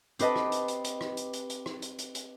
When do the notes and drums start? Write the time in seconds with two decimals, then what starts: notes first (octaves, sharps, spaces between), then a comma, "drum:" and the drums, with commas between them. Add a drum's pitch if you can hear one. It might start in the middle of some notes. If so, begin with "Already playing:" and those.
0.19 C4 G4 B4 D#5 A5, drum: hi-hat
0.36 drum: rim click
0.52 drum: hi-hat
0.68 drum: hi-hat
0.84 drum: hi-hat
1.01 drum: rim click
1.17 drum: hi-hat
1.33 drum: hi-hat
1.50 drum: hi-hat
1.66 drum: rim click
1.82 drum: hi-hat
1.98 drum: hi-hat
2.15 drum: hi-hat